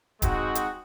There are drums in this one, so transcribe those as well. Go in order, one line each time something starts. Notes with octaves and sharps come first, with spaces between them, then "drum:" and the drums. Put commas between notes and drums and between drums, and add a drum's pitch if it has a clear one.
G#3 C4 D#4 F#4, drum: kick D1, hi-hat
drum: hi-hat